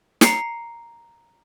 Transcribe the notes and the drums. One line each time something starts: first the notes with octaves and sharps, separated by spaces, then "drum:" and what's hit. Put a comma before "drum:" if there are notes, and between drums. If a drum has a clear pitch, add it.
A#5 C7 C#7, drum: snare